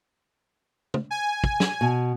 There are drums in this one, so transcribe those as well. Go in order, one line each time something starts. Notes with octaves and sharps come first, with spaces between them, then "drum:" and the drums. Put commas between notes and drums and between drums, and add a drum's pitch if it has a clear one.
drum: tom
G#5
drum: kick
drum: snare
B2